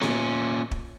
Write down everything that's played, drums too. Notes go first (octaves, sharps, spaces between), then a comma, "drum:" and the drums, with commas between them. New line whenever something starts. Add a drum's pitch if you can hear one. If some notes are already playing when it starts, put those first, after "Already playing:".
A#2 C#4, drum: snare B3
drum: kick